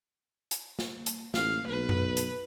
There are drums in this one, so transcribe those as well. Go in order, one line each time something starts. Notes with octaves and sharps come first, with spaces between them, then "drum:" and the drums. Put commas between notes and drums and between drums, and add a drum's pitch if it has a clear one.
drum: hi-hat
drum: snare
drum: hi-hat
A1 F5, drum: snare
B1 B4
drum: tom F#2
drum: hi-hat